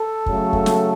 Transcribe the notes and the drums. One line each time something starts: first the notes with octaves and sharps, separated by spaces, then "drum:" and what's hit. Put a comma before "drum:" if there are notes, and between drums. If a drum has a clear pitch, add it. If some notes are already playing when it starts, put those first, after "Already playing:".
Already playing: A4
C#3 F#3 A3, drum: kick
drum: kick
drum: snare